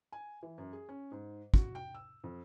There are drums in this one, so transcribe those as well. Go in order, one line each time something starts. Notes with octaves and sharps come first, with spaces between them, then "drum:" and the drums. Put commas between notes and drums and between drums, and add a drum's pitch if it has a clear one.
G#5
E3
F#2
G#4
C#4
G#2
F#4, drum: kick
G5
E6
F2